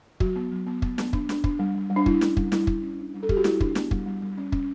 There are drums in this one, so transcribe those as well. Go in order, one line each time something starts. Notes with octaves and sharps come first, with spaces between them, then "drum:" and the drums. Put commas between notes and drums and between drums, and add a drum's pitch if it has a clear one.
F#3 F#4, drum: kick
B3
F#3
B3
B3, drum: kick
B3, drum: snare
D4, drum: kick
D4, drum: snare
D4, drum: kick
G3
G3
G3
D4
G3 E4, drum: kick
C#4, drum: snare
G3, drum: kick
G3 E4, drum: snare
G3, drum: kick
C#4
D4
G3
A4
G3 G4, drum: kick
F#4
G3 E4, drum: snare
D4, drum: kick
B3, drum: snare
G3, drum: kick
G3
G3
C#4
C#4, drum: kick